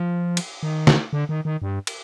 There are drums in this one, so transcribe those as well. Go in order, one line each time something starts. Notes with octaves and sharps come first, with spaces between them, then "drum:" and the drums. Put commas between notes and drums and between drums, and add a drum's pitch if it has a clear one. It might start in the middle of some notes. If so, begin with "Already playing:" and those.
Already playing: F3
drum: cymbal
D#3
drum: snare
D3
D#3
D#3
G2
drum: cymbal